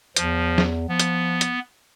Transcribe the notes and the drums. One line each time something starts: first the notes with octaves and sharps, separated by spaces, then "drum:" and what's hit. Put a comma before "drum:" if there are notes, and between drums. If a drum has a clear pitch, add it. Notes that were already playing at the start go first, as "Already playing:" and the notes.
E2 F3, drum: hi-hat
drum: snare
F3 B3
drum: hi-hat
drum: hi-hat